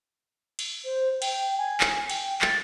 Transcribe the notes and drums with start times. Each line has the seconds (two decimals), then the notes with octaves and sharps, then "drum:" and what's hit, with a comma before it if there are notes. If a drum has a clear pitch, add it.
0.59 drum: cymbal
0.84 C5
1.22 G5, drum: cymbal
1.58 G#5
1.81 drum: clap
2.10 G5, drum: cymbal
2.41 A6, drum: clap